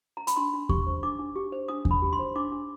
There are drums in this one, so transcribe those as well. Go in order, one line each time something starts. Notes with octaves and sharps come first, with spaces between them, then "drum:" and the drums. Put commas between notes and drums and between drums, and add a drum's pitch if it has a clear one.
A#5
B5, drum: hi-hat
D4 C6
D4
G4 C#6, drum: kick E2
C5
D4 D6
D4
G4
C5
D4 D#6
D4, drum: kick E2
B5
G4
C6
C5
D4 D6
D4